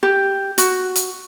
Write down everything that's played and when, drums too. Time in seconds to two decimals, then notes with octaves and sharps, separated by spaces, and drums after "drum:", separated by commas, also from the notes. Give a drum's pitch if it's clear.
0.03 G4
0.58 F#4, drum: hi-hat
0.96 drum: hi-hat